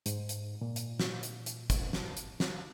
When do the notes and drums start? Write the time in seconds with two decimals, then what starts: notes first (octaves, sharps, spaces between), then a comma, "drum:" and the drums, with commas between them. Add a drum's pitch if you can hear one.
0.06 G#2, drum: hi-hat
0.29 drum: hi-hat
0.61 A#2
0.76 drum: hi-hat
0.99 drum: snare
1.23 drum: hi-hat
1.46 drum: hi-hat
1.70 drum: kick, hi-hat
1.93 drum: snare
2.17 drum: hi-hat
2.40 drum: snare